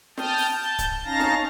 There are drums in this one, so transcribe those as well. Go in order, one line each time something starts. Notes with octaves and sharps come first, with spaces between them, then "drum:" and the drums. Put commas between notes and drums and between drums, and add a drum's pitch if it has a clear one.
G5 A5 D#6 F6 G6, drum: snare
drum: open hi-hat
A5 G6
drum: kick, hi-hat
C#4 D#4 F5 A5 A#5 A#6
drum: snare